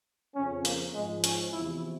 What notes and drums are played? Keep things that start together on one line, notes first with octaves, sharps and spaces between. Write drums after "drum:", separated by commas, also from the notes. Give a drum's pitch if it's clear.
F2 C#3 F3 C#4
A#3, drum: hi-hat
G#2 F3 G#3
C#4, drum: hi-hat
E2 C3 F3 E4